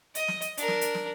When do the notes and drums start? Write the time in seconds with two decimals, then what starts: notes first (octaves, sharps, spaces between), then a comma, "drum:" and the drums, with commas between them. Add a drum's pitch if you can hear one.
0.15 D#5, drum: hi-hat
0.28 drum: snare
0.42 drum: hi-hat
0.58 D4 A#4, drum: hi-hat
0.68 drum: snare
0.81 drum: hi-hat
0.95 drum: snare